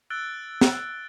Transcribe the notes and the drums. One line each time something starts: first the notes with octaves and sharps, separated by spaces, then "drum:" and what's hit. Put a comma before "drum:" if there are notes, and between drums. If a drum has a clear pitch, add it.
E6 F#6 A6 D7 G7
drum: snare